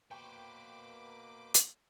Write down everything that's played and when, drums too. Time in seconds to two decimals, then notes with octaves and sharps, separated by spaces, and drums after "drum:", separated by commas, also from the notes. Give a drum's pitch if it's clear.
0.11 B2 A#3 B4 C5 G5 C#6 D6
1.54 drum: hi-hat